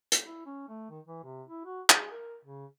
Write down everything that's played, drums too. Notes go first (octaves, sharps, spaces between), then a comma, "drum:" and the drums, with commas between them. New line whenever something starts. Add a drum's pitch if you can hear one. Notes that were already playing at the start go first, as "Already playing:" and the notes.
drum: hi-hat
E4
C#4
A3
D#3
E3
C3
E4
F#4
G#4, drum: clap
A#4
C#3